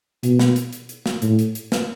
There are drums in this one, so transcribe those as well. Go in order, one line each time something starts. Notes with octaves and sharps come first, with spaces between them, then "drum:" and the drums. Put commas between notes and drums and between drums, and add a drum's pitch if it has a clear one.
B2, drum: hi-hat
drum: snare
drum: hi-hat
drum: hi-hat
drum: hi-hat
drum: snare
A2, drum: hi-hat
drum: hi-hat
drum: hi-hat
drum: snare